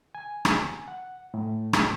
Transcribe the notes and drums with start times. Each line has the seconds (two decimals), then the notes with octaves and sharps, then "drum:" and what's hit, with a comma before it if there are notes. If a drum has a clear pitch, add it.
0.15 G#5
0.45 drum: rim click
0.88 F#5
1.34 A2
1.73 drum: rim click